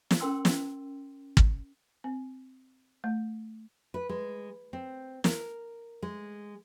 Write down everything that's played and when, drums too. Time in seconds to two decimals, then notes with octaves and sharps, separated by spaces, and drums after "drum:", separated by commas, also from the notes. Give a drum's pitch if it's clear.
0.11 drum: snare
0.20 C#4 A#4 G5 C6 E6
0.45 drum: snare
1.37 drum: kick
2.04 C4
3.04 A3
3.94 B4
4.09 G#3
4.73 C4
5.24 A#4, drum: snare
6.02 G#3